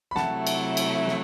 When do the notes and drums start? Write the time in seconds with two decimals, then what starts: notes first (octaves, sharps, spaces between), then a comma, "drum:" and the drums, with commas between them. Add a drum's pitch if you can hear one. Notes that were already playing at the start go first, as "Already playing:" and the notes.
0.11 B5
0.16 C3 F#3 A3 E4 F#5 A5, drum: snare
0.47 drum: cymbal
0.77 drum: cymbal
1.07 drum: snare